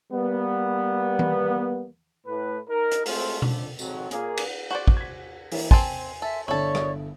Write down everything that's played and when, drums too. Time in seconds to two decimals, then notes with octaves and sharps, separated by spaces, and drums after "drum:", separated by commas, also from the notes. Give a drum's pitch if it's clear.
0.12 G3 A#3 B3
1.19 drum: tom E3
2.26 A2 B4
2.69 D#4 A#4
2.91 drum: hi-hat
3.06 G#3 A3 C4 F4 F#4 A4, drum: open hi-hat
3.42 F2 D3, drum: tom B2
3.79 G#1 F2 F#3, drum: tambourine
4.11 A#2 A#3 G#4, drum: hi-hat
4.37 drum: cymbal
4.71 F#4 C5 D5
4.87 drum: kick
4.97 G#6 B6
5.52 E3 A#3 E4, drum: open hi-hat
5.71 C4 G#5 A5 C6, drum: kick
6.22 A4 E5
6.48 G1 D3 E4 A4 C#5 D5 C#6
6.75 drum: rim click